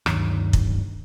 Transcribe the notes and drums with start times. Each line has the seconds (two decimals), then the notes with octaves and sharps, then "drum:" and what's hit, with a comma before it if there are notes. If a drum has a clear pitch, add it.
0.06 D2 G2 D#3 F#3, drum: rim click
0.53 drum: kick